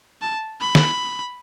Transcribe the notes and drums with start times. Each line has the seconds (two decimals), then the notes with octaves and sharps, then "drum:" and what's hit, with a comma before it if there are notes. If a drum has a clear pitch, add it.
0.22 A5
0.61 B5
0.75 drum: snare